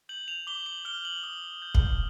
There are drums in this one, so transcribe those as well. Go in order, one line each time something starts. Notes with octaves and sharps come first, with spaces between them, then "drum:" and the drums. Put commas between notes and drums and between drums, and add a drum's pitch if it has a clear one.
G6 F#7
F7
D6 G7
F#7
F6 G7
F#7
D#6 F#7
G6
drum: kick